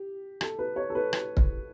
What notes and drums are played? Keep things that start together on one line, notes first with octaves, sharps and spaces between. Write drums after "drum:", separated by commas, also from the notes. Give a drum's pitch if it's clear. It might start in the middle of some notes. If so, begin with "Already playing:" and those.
Already playing: G4
A4, drum: rim click
B4
C#5
A4
B4
drum: rim click
drum: kick